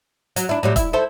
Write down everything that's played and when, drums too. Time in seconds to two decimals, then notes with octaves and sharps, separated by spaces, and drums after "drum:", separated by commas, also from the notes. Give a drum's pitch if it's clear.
0.36 F#3, drum: hi-hat
0.49 D4 E4
0.63 A2 F#3 G3
0.76 E4, drum: kick E1, hi-hat
0.93 E4 A4 C5